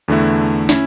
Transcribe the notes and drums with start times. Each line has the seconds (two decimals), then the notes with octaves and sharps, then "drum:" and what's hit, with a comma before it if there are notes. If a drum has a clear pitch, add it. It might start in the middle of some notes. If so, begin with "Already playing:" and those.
0.08 E2 D3 A3 E4
0.69 C#4 E4, drum: snare